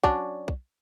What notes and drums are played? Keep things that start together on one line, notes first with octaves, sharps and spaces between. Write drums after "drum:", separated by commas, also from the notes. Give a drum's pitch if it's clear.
F#3 C#4 D4, drum: kick
drum: kick